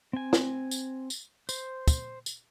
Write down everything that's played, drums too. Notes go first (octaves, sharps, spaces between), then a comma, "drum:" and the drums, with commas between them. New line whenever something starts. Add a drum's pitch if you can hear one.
C4 G#5
drum: snare
drum: tambourine
drum: tambourine
C5, drum: tambourine
drum: kick, tambourine
drum: tambourine